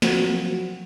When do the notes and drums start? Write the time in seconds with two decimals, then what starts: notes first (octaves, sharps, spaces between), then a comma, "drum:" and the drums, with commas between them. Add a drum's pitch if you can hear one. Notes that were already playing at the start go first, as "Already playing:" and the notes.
0.02 F3 F#3 A#3 C4 F#4, drum: snare